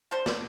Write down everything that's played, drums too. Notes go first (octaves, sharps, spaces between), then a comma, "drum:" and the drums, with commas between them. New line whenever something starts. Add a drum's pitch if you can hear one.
D3 G3 D4 C5
D5, drum: snare